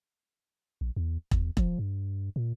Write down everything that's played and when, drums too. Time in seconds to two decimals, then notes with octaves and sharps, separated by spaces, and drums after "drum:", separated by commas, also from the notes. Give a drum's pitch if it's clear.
0.81 A#1
0.96 E2
1.31 E2, drum: kick E1
1.57 F3, drum: kick E1
1.79 G2
2.36 A#2